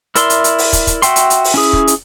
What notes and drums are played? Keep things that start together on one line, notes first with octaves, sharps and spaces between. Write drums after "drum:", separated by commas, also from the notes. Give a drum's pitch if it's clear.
E4 A#4 D5 E5 C6, drum: hi-hat
drum: hi-hat
drum: hi-hat
drum: open hi-hat
drum: kick, hi-hat
drum: kick, hi-hat
F#4 E5 G5 C6, drum: hi-hat
drum: hi-hat
drum: hi-hat
drum: open hi-hat
C#4 E4 G#4
drum: kick
drum: hi-hat